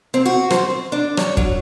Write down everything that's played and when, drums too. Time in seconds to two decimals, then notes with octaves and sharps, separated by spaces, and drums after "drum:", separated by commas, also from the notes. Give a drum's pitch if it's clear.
0.14 C4
0.25 F#4
0.50 C5, drum: rim click
0.70 C4
0.92 D4
1.17 C#5, drum: rim click
1.37 F#3, drum: kick